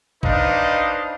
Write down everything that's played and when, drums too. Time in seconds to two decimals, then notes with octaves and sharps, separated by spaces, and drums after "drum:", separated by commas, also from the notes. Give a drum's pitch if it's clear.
0.23 D4 D#4 B4 C5 D#5 F5, drum: kick A1